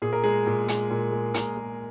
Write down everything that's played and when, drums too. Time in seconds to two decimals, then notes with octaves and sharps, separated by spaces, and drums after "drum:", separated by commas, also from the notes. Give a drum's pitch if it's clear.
0.02 A#2 G#4
0.13 A#4
0.24 G#3 G#4
0.47 A#2
0.68 G#3, drum: hi-hat
0.91 A#2
1.12 G#3
1.34 A#2 A#4, drum: hi-hat
1.57 G#3